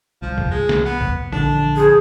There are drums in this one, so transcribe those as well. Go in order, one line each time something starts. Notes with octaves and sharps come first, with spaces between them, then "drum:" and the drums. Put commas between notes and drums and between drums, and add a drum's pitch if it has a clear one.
C2 F3
drum: kick B1
G#3
drum: snare
B3
drum: kick B1
A#1 D3 D4, drum: tom E3
F2 G#4